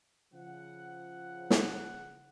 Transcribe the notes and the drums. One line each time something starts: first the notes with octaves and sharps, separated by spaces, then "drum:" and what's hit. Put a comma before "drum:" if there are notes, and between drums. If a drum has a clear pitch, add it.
C#3 F3 F#5
drum: snare